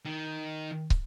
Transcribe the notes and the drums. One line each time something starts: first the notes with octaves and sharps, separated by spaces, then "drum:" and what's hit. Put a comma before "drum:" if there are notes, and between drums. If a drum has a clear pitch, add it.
D#3
drum: kick